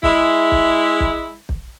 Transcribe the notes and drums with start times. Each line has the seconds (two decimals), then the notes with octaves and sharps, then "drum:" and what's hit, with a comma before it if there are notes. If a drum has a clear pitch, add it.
0.03 G#3 E4, drum: kick
0.52 drum: kick
1.00 drum: kick
1.49 drum: kick